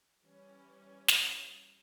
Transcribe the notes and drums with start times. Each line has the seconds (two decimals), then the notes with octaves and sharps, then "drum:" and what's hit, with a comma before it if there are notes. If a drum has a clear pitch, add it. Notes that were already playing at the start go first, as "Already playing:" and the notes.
0.23 E3 G3 C#4
1.08 drum: snare